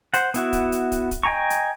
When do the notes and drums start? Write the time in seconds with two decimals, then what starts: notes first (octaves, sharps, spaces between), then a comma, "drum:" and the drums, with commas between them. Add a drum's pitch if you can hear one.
0.14 C5 F#5, drum: hi-hat
0.34 B3 E4 F#4, drum: hi-hat
0.53 drum: kick, hi-hat
0.72 drum: hi-hat
0.92 drum: kick, hi-hat
1.11 drum: kick, hi-hat
1.23 D#5 G5 G#5 A#5 C#6
1.50 drum: hi-hat